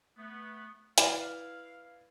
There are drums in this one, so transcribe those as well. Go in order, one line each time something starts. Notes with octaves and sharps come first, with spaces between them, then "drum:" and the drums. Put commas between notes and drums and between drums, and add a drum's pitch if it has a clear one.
A3 B3
E4 B4 D5 F5, drum: hi-hat